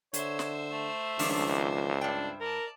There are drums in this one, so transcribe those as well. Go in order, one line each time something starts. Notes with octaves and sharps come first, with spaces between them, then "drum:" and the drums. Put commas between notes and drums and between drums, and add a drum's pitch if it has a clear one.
D3 C5 C#5 E5, drum: hi-hat
drum: snare
A3
C#2 D#3 F3 D4, drum: open hi-hat
G2 D4 G5
A#4 D5 A5